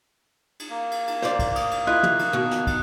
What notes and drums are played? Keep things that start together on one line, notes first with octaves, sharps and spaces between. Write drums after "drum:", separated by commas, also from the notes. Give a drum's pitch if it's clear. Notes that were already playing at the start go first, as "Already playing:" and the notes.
drum: cymbal
A#3
drum: cymbal
drum: cymbal
C5 D5, drum: snare
drum: kick, cymbal
D#6, drum: cymbal
drum: cymbal
E4 F4 D#5 F#6
drum: tom
drum: cymbal
B2 D#3
drum: snare
drum: kick, cymbal